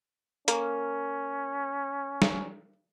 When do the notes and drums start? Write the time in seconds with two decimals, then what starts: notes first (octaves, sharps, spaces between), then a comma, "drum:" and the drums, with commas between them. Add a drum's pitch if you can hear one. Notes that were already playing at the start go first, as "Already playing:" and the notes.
0.48 A#3 C#4, drum: hi-hat
2.22 drum: snare